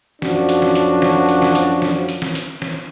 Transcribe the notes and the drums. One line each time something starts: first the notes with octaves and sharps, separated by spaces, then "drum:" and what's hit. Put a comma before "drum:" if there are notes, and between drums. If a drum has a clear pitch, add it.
F#2 F3 F#3 D4 F#4, drum: snare
drum: hi-hat
drum: snare
drum: hi-hat
drum: snare
drum: hi-hat
drum: snare
drum: hi-hat
drum: snare
drum: hi-hat
drum: snare
drum: hi-hat
drum: snare